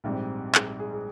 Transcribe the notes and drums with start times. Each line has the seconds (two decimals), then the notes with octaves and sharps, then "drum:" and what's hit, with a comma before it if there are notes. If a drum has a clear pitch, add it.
0.04 A#1 G#2 G3 C4
0.55 G#4, drum: clap
0.67 G#4
0.80 G#4
0.92 G#4